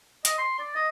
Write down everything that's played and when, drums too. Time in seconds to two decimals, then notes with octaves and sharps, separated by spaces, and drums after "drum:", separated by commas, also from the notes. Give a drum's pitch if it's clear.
0.25 D#5, drum: hi-hat
0.38 C6
0.60 D5
0.75 D#5